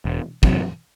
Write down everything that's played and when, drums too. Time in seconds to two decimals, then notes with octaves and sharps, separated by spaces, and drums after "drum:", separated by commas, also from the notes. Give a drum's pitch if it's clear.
0.05 E1
0.43 E2 C3 F#3, drum: kick